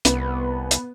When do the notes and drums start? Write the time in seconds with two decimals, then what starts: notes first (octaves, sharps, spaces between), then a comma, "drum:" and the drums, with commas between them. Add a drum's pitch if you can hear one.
0.05 C2 B3, drum: hi-hat
0.71 drum: hi-hat